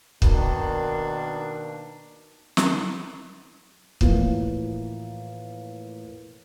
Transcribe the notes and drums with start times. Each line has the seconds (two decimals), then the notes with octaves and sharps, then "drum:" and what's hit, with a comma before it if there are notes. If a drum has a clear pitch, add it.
0.22 B2 D#3 A#3 D4, drum: kick
2.57 drum: snare
4.01 A2 E3 F3 A#3, drum: kick